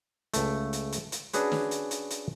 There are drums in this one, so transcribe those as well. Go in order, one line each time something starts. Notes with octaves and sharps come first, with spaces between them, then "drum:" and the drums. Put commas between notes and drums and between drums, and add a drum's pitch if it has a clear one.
C#2 A3, drum: hi-hat
drum: hi-hat
drum: hi-hat
drum: hi-hat
C#4 D4 F#4 G#4 B4 C#5, drum: hi-hat
drum: snare
drum: hi-hat
drum: hi-hat
drum: hi-hat